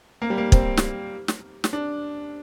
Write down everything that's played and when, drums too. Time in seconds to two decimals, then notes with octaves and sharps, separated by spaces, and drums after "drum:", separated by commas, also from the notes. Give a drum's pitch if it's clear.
0.22 A#3
0.30 G3
0.38 A#3
0.52 C4, drum: kick
0.77 drum: snare
1.28 drum: snare
1.64 drum: snare
1.73 D4